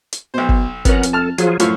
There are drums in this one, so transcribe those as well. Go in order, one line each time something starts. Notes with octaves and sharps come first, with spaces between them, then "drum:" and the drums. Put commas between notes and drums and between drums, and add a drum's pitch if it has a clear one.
drum: hi-hat
B1 B2 C5
drum: kick
F2 B3 C#4 A#4 F#5, drum: kick, hi-hat
drum: hi-hat
A4 A5 F6
F3 F#3 F4 G#4, drum: hi-hat
F#2 A2 F3 F4 C#5, drum: hi-hat